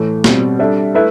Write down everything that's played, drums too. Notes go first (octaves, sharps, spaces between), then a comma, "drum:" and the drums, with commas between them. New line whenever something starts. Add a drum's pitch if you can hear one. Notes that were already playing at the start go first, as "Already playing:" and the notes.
Already playing: A2 E3 A3
B2 G3 C4, drum: snare
G3 D4 A4 E5
A3 E4 B4 E5